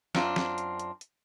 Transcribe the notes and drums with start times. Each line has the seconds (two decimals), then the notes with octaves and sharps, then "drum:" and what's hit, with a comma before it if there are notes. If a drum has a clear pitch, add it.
0.15 F#2 C4 D4 F4, drum: snare
0.36 drum: snare
0.58 drum: hi-hat
0.79 drum: hi-hat
1.01 drum: hi-hat